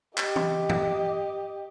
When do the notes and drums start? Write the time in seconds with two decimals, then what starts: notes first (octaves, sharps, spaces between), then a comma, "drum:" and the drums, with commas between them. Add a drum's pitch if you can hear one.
0.18 G4 D#5, drum: clap
0.36 drum: tom E3
0.69 drum: tom G2